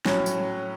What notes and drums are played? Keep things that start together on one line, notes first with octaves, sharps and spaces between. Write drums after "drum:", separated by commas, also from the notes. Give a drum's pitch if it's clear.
A2 F#3 C#4, drum: snare
drum: tambourine